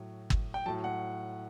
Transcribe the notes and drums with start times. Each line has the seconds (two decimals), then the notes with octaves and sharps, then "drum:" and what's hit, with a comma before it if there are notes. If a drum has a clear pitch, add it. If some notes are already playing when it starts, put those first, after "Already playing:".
Already playing: A2 F#3
0.30 drum: kick G1
0.54 G5
0.66 A2 F#3 A5
0.84 F#5